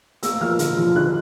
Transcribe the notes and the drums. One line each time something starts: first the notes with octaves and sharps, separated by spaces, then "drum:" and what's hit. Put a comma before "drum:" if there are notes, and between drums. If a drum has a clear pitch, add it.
A#3 E6, drum: hi-hat
F3 F6
D3, drum: hi-hat
F3
D3 F#6